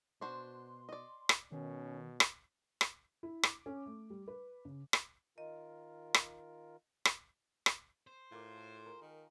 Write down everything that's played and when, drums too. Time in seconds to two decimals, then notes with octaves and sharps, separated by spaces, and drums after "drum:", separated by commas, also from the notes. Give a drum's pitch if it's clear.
0.21 B2 D4 F#4 C5 C6
0.89 D5 D#5
1.29 drum: rim click
1.52 B2 D#3 C#4
2.20 drum: rim click
2.81 drum: rim click
3.23 E4
3.43 D6, drum: rim click
3.66 C#4
3.86 A3
4.10 G3
4.28 B4
4.65 C#3
4.93 drum: rim click
5.38 D#3 F4 A#4 D#5
6.14 drum: rim click
7.05 drum: rim click
7.66 drum: rim click
8.07 C5
8.31 A2 F4 A#4 D6
8.57 A4
8.85 G#3 A#4 D#5
9.02 D#3 A#4